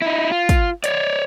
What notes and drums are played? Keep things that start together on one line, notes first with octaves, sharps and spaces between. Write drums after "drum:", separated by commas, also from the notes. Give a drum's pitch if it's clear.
D#4 E4
F4
drum: kick, hi-hat
C#5 D5, drum: hi-hat